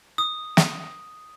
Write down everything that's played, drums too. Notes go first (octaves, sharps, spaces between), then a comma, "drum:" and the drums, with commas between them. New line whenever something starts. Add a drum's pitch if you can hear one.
D#6
drum: snare